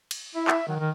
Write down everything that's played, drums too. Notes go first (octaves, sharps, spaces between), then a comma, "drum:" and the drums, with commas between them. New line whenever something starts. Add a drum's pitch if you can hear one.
drum: cymbal
E4 E5
E5, drum: clap
D#3 F#3
D#3 A#4